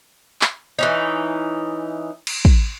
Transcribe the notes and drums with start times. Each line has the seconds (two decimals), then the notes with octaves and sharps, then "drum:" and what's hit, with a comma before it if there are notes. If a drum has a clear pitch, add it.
0.41 drum: clap
0.79 E3 C#4 D#4
2.27 drum: cymbal
2.45 drum: kick